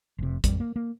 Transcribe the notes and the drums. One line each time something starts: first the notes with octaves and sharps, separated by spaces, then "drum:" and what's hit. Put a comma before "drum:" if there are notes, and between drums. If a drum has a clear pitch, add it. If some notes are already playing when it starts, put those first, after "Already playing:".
F1 C3
A1 F2 G3, drum: kick, hi-hat
A#3
A#3